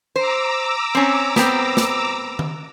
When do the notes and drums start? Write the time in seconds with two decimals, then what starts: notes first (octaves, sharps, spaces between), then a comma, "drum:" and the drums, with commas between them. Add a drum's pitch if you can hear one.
0.16 C5 A#5 D6 E6
0.95 C4 C#4
1.36 B3 C4, drum: snare
1.77 drum: snare
2.39 drum: tom D#3